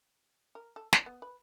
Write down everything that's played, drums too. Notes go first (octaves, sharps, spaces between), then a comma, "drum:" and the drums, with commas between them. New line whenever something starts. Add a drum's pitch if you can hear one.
A#4
A4
C5, drum: snare
B3
B4